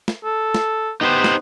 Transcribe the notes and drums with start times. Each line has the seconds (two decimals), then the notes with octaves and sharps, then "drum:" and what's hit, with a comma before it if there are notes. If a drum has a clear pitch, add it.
0.08 drum: snare
0.24 A4
0.55 drum: snare
1.01 B3 D#4 G4 C5
1.24 drum: snare